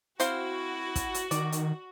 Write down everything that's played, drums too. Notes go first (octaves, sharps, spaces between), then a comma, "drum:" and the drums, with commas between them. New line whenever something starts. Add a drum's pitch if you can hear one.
C4 E4 F#4 C5 F5, drum: hi-hat
drum: kick, hi-hat
drum: hi-hat
D#3 D5, drum: hi-hat
drum: hi-hat